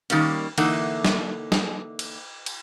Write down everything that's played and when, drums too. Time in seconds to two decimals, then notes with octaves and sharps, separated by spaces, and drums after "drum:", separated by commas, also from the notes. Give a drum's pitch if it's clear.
0.10 D#3 G3 A#3 C#4, drum: cymbal
0.58 D3 E3 A#3 D#4 E5 F#5, drum: cymbal
1.05 drum: snare
1.52 drum: snare
1.99 drum: cymbal
2.46 drum: cymbal